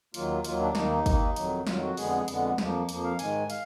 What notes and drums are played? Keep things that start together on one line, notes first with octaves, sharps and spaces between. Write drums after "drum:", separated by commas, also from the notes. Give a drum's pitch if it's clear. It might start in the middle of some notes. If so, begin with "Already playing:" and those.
D#2 D#3 F#3 A#3 F4, drum: hi-hat
D#2 D#3 F#3 A#3 F4, drum: hi-hat
D4
D#2 D#3 A#3 D#4, drum: snare
D#4
D#2 D#3 A#3, drum: kick, hi-hat
F2 D#3 F#3, drum: hi-hat
F2 D#3 F#3 F4, drum: snare
F#4
F2 D3 G#3 B3 G#4, drum: open hi-hat
F2 D3 G#3 B3, drum: hi-hat
F2 F3 A#3, drum: snare
F2 F3 A#3, drum: hi-hat
F5
G#2 D#3 G#3 G#5, drum: hi-hat
F5, drum: hi-hat